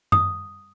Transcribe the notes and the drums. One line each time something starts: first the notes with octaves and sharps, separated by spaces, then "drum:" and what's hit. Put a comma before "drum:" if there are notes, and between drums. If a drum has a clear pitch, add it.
D#6, drum: tom F#2